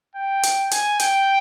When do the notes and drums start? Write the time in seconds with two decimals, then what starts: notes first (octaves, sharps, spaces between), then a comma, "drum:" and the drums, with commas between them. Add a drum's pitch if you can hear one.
0.15 G5
0.43 drum: hi-hat
0.71 G#5, drum: hi-hat
1.00 G5, drum: hi-hat